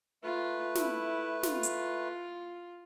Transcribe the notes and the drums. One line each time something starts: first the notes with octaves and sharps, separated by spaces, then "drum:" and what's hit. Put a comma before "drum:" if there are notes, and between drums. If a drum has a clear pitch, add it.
A3 F4 B4
E4, drum: snare
F4, drum: snare
drum: hi-hat